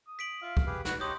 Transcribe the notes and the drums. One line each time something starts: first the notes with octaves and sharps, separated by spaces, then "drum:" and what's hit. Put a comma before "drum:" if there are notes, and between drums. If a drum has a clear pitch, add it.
D#6
B6 D7 F#7
F4 E5 F5
drum: kick
G4 G#4 B4
F#4 B4, drum: snare
D#4 G4 C#5 C6 D#6 G6